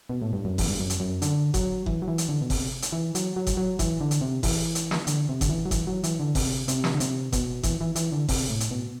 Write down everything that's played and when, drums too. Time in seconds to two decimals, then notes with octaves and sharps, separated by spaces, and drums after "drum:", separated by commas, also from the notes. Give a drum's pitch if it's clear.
0.09 B2
0.22 A2
0.33 G2
0.45 F#2
0.58 E2, drum: kick F#1, open hi-hat
0.68 G2
0.80 F#2
0.90 drum: hi-hat
1.00 F#2
1.22 D3, drum: hi-hat
1.54 F#3, drum: kick F#1, hi-hat
1.86 E3, drum: kick F#1
2.02 F#3
2.08 E3
2.18 drum: hi-hat
2.29 D3
2.41 B2
2.50 C3, drum: kick F#1, open hi-hat
2.82 drum: hi-hat
2.92 E3
3.15 F#3, drum: hi-hat
3.36 F#3
3.47 drum: kick F#1, hi-hat
3.57 F#3
3.79 E3, drum: kick F#1, hi-hat
4.01 D3
4.11 drum: hi-hat
4.21 C3
4.43 E3, drum: kick F#1, open hi-hat
4.75 drum: hi-hat
4.91 drum: snare
5.07 D3, drum: hi-hat
5.29 C3
5.41 D3, drum: kick F#1, hi-hat
5.49 E3
5.65 F#3
5.71 E3, drum: kick F#1, hi-hat
5.87 F#3
6.04 E3, drum: hi-hat
6.20 D3
6.35 C3, drum: kick F#1, open hi-hat
6.68 C3, drum: hi-hat
6.84 drum: snare
6.95 D3
7.00 C3, drum: hi-hat
7.32 B2, drum: kick F#1, hi-hat
7.63 E3, drum: kick F#1, hi-hat
7.81 E3
7.96 E3, drum: hi-hat
8.12 D3
8.29 C3, drum: kick F#1, open hi-hat
8.50 A2
8.60 drum: hi-hat
8.71 B2